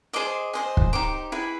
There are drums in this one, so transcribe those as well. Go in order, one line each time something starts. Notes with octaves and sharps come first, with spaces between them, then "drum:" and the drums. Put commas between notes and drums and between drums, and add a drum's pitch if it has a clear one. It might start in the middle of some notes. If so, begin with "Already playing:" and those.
G#4 C5 D#5 D6
G#4 C5 D#5
drum: kick
D#4 G4 C5 D6
E4 G#4 B4